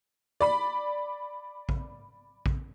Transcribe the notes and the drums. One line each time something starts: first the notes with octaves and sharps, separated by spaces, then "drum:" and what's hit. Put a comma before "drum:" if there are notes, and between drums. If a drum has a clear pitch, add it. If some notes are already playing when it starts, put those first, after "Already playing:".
D5 B5
drum: kick A#1
drum: kick A#1